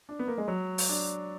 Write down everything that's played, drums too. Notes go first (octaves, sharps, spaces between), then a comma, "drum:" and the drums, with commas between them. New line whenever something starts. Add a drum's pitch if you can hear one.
D4
B3
A#3
G#3
F#3
drum: open hi-hat
D4